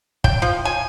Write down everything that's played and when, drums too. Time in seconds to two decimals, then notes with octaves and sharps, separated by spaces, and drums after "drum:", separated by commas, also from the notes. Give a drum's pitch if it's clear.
0.24 G5, drum: kick
0.42 F3
0.65 G#5